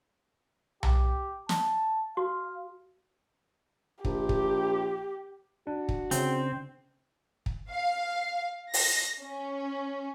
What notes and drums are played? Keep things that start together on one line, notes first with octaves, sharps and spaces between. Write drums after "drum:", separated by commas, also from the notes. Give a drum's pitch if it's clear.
G4, drum: tom B1
A5, drum: snare
F#4 F5
A#1 G4, drum: kick
drum: kick
D4 F#4
drum: kick
C#3 C4, drum: hi-hat
drum: kick
F5
A#6, drum: open hi-hat
C#4